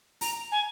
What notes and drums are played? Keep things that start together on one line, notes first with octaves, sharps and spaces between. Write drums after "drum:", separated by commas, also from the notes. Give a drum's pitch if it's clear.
A#5, drum: open hi-hat
G#5